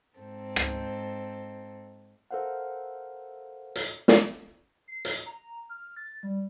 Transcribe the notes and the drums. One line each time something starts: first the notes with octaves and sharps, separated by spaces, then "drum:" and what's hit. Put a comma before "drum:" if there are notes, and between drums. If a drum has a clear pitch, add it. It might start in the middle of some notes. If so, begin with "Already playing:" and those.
G#2 C4 A4
drum: rim click
A4 A#4 C5 F5 F#5
drum: hi-hat
drum: snare
C7
drum: hi-hat
A#5
F6
A6
G3